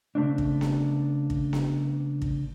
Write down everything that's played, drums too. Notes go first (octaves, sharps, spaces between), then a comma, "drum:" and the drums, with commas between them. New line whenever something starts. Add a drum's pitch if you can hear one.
C#3 A3 C4 D4
drum: kick
drum: snare B3
drum: kick
drum: snare B3
drum: kick